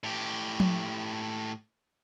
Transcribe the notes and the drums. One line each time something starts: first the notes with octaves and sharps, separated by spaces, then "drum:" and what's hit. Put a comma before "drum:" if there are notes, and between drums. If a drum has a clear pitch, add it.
A2 G4
drum: tom F3